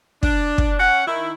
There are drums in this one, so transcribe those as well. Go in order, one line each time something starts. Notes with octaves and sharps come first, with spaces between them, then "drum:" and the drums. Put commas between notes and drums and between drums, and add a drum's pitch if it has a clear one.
D4, drum: kick
drum: kick
C#4 F#5
D#3 E4